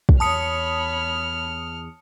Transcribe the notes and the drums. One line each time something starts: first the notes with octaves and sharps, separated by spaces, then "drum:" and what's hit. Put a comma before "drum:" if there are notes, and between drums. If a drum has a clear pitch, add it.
drum: kick
E2 C#5 A5 B5 D#6 F6 C#7